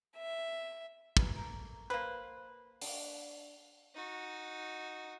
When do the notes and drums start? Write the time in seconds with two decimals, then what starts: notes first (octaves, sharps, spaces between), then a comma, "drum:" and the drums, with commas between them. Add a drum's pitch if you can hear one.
0.18 E5
1.17 A#2 G#3 B4, drum: kick
1.35 A3 A#3
1.90 A#3 B4 C5
2.81 D4, drum: open hi-hat
3.95 D#4 F#4